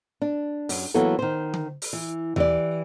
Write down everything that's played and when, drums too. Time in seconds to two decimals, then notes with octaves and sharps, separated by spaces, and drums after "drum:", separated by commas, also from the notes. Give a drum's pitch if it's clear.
0.22 D4
0.69 F#2, drum: open hi-hat
0.94 E3 F#3 A#3 B3 E4 A4
1.19 D#3 C5
1.54 drum: tom D3
1.82 drum: open hi-hat
1.93 E3
2.36 E3 G4 D5, drum: tom D#2